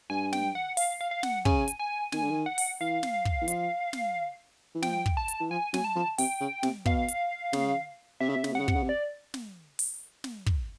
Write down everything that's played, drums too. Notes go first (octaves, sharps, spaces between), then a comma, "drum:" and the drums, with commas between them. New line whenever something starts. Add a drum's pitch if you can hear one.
G2 G#5
G5, drum: snare
F#5
F5, drum: open hi-hat
F5
F5
F#5, drum: snare
C#3 G#5, drum: kick
drum: hi-hat
G#5
D#3 G#5, drum: snare
D3
D#3
F#5
drum: open hi-hat
E3 F5
drum: snare
drum: kick
E3
F3, drum: hi-hat
drum: snare
E3
F3 G5, drum: snare
drum: kick
A5
drum: hi-hat
E3
F3 G#5
F#3 G#5, drum: snare
A5
F3
C3 G5, drum: open hi-hat
C#3
C3, drum: snare
B2 F5, drum: kick
drum: hi-hat
C#3, drum: snare
C3 E5
C#3
C3
C#3, drum: snare
C3 F#5
C#3
C3, drum: kick
C#3
C3
D5
drum: snare
drum: open hi-hat
drum: snare
drum: kick